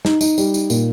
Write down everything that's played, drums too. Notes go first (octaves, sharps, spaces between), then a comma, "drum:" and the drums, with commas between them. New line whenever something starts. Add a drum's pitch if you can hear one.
D#4, drum: snare
D#4, drum: tambourine
G3, drum: tambourine
D#4, drum: tambourine
A#2, drum: tambourine